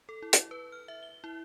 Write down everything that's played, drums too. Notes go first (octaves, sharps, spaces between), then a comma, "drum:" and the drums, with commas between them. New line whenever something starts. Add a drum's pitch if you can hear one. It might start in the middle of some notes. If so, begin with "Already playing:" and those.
A4
E4
drum: hi-hat
B4
F6
E5
G7
E4